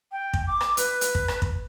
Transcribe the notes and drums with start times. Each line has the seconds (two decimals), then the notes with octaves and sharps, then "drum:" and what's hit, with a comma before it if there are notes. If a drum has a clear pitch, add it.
0.12 G5
0.33 drum: kick
0.47 D6
0.61 drum: rim click
0.77 B4, drum: hi-hat
1.01 drum: hi-hat
1.15 drum: kick
1.28 drum: rim click
1.42 drum: kick